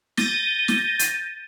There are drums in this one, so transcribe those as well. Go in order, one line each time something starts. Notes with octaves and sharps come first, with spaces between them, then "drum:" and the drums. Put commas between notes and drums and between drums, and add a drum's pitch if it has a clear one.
G6 A6 A#6 D#7, drum: snare
drum: snare
drum: hi-hat